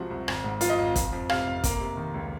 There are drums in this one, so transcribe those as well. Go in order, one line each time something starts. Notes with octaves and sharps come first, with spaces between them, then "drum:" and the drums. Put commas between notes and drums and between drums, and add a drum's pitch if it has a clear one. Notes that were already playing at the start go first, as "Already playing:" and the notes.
Already playing: C2 C3 F3 G#3 F#4
C2
G#1, drum: rim click
G#2
F3 F4, drum: hi-hat
D#5
G#1
F3, drum: kick, hi-hat
F2
C3 F5, drum: rim click
F1
A#3, drum: kick, hi-hat
C3
D#3
C#2